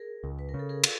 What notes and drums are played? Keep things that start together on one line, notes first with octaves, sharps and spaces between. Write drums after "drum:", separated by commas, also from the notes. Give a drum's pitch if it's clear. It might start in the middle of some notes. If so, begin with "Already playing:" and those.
Already playing: G#4 A#4
C#2
B4
A#4
C#3
A4
G#4 A#4
A4 B4, drum: cymbal